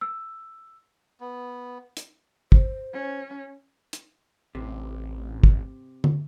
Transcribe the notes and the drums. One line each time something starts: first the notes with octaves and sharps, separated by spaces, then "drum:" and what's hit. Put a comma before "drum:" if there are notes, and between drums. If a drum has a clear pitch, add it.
E6
B3
drum: hi-hat
C5, drum: kick
C#4
drum: hi-hat
A1 C3
drum: kick
drum: tom D3